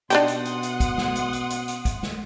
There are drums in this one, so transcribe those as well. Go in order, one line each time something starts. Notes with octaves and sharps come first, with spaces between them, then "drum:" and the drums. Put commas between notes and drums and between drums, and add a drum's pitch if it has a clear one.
B2 D4 D#4 G4 F#5 C6 D#6, drum: hi-hat
drum: hi-hat
drum: hi-hat
drum: hi-hat
drum: kick, hi-hat
drum: snare
drum: hi-hat
drum: hi-hat
drum: hi-hat
drum: hi-hat
drum: kick, hi-hat
drum: snare